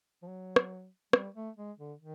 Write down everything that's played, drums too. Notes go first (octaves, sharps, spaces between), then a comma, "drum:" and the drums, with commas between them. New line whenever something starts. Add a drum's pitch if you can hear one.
F3
F#3
drum: rim click
G3, drum: rim click
A3
G#3
D3
D#3